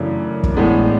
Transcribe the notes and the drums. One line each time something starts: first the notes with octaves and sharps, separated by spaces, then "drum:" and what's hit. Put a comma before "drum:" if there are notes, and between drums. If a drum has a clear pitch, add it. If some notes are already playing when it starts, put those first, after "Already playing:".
Already playing: F#2 C#3 E3 A3 D4
drum: kick
A2 E3 G#3 B3 D4